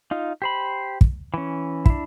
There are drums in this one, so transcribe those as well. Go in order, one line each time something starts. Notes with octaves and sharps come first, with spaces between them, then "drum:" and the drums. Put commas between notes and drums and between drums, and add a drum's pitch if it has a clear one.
D#4 F4
G4 C5 B5
drum: kick
E3 C#4
D4 E4, drum: kick